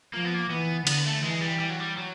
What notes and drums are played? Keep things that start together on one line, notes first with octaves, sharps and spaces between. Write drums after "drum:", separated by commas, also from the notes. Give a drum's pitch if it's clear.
F3 A#3
B3
A#3
E3 B3
D3 B3, drum: cymbal
A3
E3 G#3
G3
G3
F#3
G3
F#3